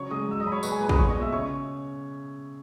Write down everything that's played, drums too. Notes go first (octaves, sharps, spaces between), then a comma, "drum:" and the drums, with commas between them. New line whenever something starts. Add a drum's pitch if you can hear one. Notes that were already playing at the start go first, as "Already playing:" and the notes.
Already playing: C#3 F#3 C#5 C#6
G#3 D#5 D#6
F#3 E6
D#5 D#6
F#3 B5
C#5 C#6
G#3 B4 B5, drum: tambourine
G#4 G#5
A#2 B4 B5
D#5 D#6, drum: kick
G#3 C#5 C#6
D#5 D#6
B2
E5 E6
C#3 C#5 C#6